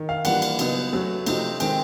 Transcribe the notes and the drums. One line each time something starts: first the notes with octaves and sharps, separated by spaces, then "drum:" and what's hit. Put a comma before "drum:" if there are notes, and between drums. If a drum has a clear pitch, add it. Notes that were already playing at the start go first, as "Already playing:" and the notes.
Already playing: D#3
F5
E3 G3 A#3 D4 F4 F#5, drum: cymbal
drum: cymbal
C#3 F#3 B3 D#4, drum: cymbal
F#3 A3 C#4
C3 F3 A3 C4 D#4, drum: cymbal
D#3 G#3 C4 G5, drum: cymbal